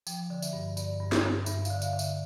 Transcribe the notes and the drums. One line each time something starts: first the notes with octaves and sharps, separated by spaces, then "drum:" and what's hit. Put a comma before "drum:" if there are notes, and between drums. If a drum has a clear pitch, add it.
F3 G5, drum: tambourine
D3
E5, drum: tambourine
G2
G2 D5, drum: tambourine
G2
drum: snare
G2
G2 E5, drum: tambourine
F5, drum: tambourine
D3
E5, drum: tambourine
D3
E5, drum: tambourine